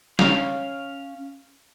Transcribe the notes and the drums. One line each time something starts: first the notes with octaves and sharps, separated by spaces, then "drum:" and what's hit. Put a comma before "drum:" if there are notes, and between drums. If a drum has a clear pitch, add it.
C#4 F5, drum: snare